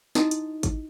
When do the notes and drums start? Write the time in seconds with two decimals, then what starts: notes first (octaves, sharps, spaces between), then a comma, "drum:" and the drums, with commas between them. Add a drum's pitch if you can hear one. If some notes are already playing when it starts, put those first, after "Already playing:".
0.15 D#4 E4 F#4 D#5 D#6, drum: snare
0.31 drum: hi-hat
0.63 drum: kick G#1, hi-hat